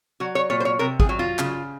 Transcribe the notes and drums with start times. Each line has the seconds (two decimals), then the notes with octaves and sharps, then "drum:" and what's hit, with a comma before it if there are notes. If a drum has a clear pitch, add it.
0.20 F#3 F#4
0.35 C#5
0.50 A#2 C#5
0.60 C5
0.65 C#5
0.79 C3 A#4
1.00 G#4, drum: kick
1.09 F#3
1.19 F4
1.39 C#3, drum: clap